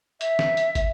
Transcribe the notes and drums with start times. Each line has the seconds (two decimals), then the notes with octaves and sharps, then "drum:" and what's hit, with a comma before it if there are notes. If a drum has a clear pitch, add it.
0.21 E5, drum: hi-hat
0.39 drum: snare
0.57 drum: hi-hat
0.75 drum: kick, hi-hat